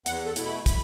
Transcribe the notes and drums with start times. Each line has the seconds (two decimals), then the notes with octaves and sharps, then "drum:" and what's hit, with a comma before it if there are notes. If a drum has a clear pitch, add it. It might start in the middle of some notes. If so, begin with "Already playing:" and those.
0.06 E2 F#5, drum: hi-hat
0.26 A4
0.36 B2 A3 E4, drum: hi-hat
0.46 B5
0.66 B5, drum: kick, hi-hat